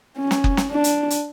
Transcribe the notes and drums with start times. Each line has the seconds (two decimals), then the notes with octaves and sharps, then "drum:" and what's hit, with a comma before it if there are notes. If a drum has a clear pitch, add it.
0.18 C#4
0.31 drum: snare
0.44 drum: kick F#1
0.57 drum: snare
0.71 D4
0.84 drum: hi-hat
1.10 drum: hi-hat